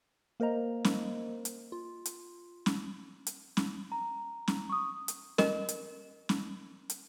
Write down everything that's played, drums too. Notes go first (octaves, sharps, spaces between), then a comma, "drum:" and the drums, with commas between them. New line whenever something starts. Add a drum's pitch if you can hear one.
A#3 A#4 C5 D#5 A#5
drum: snare
drum: hi-hat
F4
drum: hi-hat
drum: snare
drum: hi-hat
drum: snare
A#5
drum: snare
C#6 D#6
drum: hi-hat
A#4 D#5, drum: snare
drum: hi-hat
drum: snare
drum: hi-hat